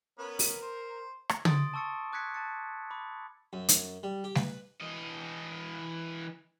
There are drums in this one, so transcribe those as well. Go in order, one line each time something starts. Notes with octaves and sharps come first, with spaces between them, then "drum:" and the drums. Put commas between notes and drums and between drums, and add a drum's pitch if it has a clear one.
B3 C#4 A#4 B4
drum: open hi-hat
C5
drum: rim click
C6 D#6 A6 D7, drum: tom
A5 C#6 E6 A6 C#7
D6 F#6 G#6 B6 C#7
A5 A6 C#7
B5 D6
F#2
drum: hi-hat
G3
G4
B4, drum: snare G3
E3 D#5